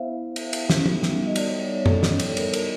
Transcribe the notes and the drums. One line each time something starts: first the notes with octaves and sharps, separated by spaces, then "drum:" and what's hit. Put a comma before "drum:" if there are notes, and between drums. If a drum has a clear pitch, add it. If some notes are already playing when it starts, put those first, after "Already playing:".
Already playing: B3 E4 C5 E5 F5
E5, drum: cymbal
drum: cymbal
drum: snare
G3 B3 D#4 F#4, drum: tom
drum: snare
D#5
D5, drum: cymbal
C#5
C#5
C#5
A4, drum: tom F#2
drum: snare
drum: cymbal
A#4, drum: cymbal
A#4, drum: cymbal